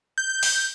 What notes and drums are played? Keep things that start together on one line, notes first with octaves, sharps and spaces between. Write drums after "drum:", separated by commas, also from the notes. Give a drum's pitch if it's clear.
G6
drum: open hi-hat